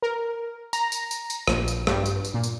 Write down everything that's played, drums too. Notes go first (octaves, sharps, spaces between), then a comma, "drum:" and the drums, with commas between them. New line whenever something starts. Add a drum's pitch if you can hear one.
A#4
A#5, drum: tambourine
drum: tambourine
drum: tambourine
drum: tambourine
A#1, drum: rim click
drum: tambourine
G2, drum: rim click
drum: tambourine
drum: tambourine
A#2
drum: tambourine